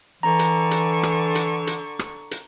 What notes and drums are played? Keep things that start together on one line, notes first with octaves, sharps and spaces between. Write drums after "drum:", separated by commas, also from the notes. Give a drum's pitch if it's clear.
D3 E3 A#5 C#6
drum: hi-hat
drum: hi-hat
drum: rim click
drum: hi-hat
drum: hi-hat
drum: rim click
drum: hi-hat